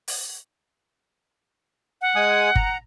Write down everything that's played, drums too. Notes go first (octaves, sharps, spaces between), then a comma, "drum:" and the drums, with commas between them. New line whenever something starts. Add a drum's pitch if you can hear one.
drum: open hi-hat
F#5
G#3 G#5 D#6
A#5, drum: kick G1